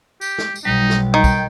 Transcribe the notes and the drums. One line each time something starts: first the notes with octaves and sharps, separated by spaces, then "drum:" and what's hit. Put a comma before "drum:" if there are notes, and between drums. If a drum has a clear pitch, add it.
G4, drum: tambourine
drum: snare
drum: tambourine
B1 G3 D#4
drum: snare
D#3 G5
drum: kick, tambourine